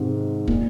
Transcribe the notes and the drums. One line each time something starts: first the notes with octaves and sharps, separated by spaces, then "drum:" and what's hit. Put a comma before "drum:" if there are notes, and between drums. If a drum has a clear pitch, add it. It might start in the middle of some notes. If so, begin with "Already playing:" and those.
Already playing: G#2 C3 D#3
A#2, drum: kick